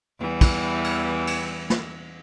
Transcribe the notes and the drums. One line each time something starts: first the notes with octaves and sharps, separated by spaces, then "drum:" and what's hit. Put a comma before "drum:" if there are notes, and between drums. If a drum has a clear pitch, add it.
E2 E3 G3
drum: kick, cymbal
drum: cymbal
drum: cymbal
drum: snare